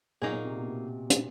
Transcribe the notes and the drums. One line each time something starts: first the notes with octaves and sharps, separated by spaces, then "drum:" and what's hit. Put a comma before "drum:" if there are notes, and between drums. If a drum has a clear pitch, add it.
A#2 F#3 A#3 D#4 G#4
A#2
C3
B2
C3
drum: hi-hat